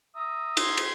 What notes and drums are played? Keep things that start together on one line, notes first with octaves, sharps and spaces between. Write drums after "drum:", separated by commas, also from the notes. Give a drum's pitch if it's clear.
E5 A#5 D#6
C6 G#6, drum: cymbal
drum: cymbal